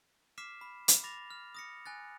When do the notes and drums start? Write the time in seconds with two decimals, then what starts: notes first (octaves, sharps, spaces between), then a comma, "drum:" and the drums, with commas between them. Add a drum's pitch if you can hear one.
0.38 D6 F6 B6 C7 E7
0.61 B5
0.88 drum: hi-hat
1.03 B5 D6 A6 A#6 F7
1.30 F6
1.55 D#6 A#6 C#7
1.85 G#5 F#6 A6